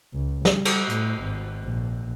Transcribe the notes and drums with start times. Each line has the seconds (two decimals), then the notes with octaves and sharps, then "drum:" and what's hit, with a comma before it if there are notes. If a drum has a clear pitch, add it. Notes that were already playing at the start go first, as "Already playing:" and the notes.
0.13 C#2
0.45 G3, drum: snare
0.65 drum: cymbal
0.89 A2, drum: hi-hat
1.22 G#1
1.64 A#1